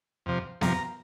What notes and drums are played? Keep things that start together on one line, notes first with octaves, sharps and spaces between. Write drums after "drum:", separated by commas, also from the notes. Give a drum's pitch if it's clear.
F2 C3 F3
F2 C3 F3 A#5, drum: snare B3